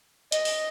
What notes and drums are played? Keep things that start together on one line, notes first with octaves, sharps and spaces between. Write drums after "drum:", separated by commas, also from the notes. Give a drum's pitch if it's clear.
D#5, drum: hi-hat
drum: open hi-hat